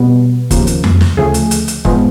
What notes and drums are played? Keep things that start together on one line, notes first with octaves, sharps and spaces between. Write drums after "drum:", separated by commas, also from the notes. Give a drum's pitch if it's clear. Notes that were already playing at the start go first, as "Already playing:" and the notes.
Already playing: B2 G3 B3
D#2 C#3 F3 A#3, drum: kick, hi-hat
drum: hi-hat
drum: tom F2
drum: snare
D2 C#3 F3 A3 G#4
drum: hi-hat
drum: hi-hat
drum: hi-hat
G#2 F3 G#3 B3, drum: kick